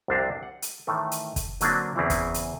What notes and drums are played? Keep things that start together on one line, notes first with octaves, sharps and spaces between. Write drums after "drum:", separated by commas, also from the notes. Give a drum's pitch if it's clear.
C2 F2 C3 D4 C5 A#5
F#5
drum: hi-hat
A2 D#3 E3 A3
drum: hi-hat
drum: kick, hi-hat
D3 F#3 A#3 C4 D4, drum: hi-hat
E2 C#3 E3 C4 E4
drum: kick, hi-hat
drum: hi-hat